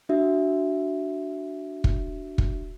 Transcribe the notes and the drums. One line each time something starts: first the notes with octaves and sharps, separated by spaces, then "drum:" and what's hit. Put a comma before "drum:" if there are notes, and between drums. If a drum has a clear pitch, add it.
D4 F#4 E5
drum: kick
drum: kick